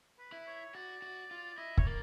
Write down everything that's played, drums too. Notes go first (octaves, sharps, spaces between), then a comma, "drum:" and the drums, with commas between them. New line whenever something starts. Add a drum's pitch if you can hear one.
B4
E4
C#5
F#4 D5
F#4
F4
E4 D#5
C#5, drum: kick
A#3 D5